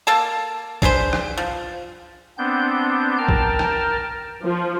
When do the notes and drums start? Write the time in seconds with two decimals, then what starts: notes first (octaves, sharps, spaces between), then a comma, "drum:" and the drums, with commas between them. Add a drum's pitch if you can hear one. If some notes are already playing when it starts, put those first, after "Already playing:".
0.07 A#3 A4 A5
0.82 D4 G#4 B4 C5, drum: kick
1.13 drum: rim click
1.38 F3
2.38 B3 C4 D4 G6
3.18 A#4 G5 A5 F6
3.28 drum: kick
3.59 drum: rim click
4.44 F3